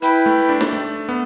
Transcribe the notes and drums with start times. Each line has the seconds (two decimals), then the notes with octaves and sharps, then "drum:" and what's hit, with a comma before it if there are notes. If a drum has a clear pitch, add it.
0.02 E4 B4 G5, drum: hi-hat
0.26 A3
0.49 D4
0.61 drum: snare
0.73 A3
1.09 B3